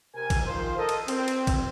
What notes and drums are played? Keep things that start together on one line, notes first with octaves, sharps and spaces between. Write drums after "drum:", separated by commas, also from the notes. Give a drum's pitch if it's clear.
C3 A#4 G#5
drum: kick A1, cymbal
D#3 F3 F4 A#4 C5
A4 A#4 D#5
drum: cymbal
C4, drum: cymbal
drum: cymbal
drum: kick A1, cymbal